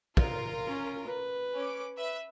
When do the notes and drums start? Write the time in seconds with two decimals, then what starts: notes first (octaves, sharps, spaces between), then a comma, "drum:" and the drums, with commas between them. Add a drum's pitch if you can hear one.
0.17 F4 A#4, drum: kick
0.67 C#4
1.07 B4
1.55 C#4 D6
1.97 B4 E5